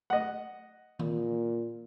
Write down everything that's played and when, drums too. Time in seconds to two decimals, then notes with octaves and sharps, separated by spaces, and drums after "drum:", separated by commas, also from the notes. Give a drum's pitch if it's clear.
0.10 D#5 F#5
0.99 A#2, drum: tom D#3